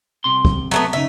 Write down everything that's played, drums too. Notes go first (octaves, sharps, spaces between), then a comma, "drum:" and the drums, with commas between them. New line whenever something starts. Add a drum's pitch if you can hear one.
C2 C3 C6
drum: kick
F#3 A3 B3
F#2 C#3 D#4 E5